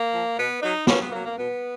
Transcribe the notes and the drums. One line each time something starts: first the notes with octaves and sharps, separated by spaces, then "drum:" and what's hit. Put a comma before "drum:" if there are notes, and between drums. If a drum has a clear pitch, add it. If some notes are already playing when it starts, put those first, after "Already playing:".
Already playing: A#3
F3
B2 B3
F#3 D#4
A#2 C#4, drum: snare
B3
F#3 A#3
A#3
B2 B3